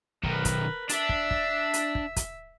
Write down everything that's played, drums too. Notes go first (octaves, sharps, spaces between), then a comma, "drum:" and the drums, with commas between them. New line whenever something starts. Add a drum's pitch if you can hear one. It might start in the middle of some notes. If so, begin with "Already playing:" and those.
B1 D#3 A#4 B4, drum: kick
drum: kick, hi-hat
D4 E5, drum: hi-hat
drum: kick
drum: kick
drum: hi-hat
drum: kick
drum: kick, hi-hat